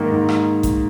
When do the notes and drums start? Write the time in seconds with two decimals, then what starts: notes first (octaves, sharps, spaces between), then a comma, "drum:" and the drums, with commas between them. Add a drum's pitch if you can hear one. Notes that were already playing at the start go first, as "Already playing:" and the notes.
Already playing: G#2 D#3 A#3
0.11 G#2
0.29 drum: rim click
0.63 drum: kick G1, hi-hat